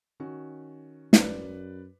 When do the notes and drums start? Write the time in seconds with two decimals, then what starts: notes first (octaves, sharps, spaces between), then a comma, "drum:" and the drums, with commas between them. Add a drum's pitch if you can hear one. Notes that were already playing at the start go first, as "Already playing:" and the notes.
0.20 D#3 C#4 F#4
1.13 F#2 B4 D5, drum: snare